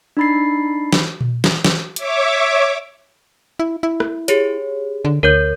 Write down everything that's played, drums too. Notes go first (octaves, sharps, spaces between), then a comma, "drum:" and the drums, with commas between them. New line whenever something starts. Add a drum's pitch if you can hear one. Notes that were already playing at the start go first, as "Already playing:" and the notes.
D4 D#4 B5 A6 C7
drum: snare
drum: tom A#2
drum: snare
drum: snare
C#5 E5 D6, drum: hi-hat
E4
E4
drum: rim click
G4 G#4 C#5, drum: hi-hat
D3
D2 A#4 C#5 G6